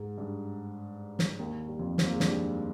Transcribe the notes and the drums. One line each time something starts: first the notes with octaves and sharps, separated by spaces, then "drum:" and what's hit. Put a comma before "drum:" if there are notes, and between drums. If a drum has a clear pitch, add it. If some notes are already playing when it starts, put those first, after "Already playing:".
Already playing: G#2 G#3
G2 G3
drum: snare
D#2 D#3
G3
F2 F3
C4, drum: snare
A#3
G#3
G2 G3, drum: snare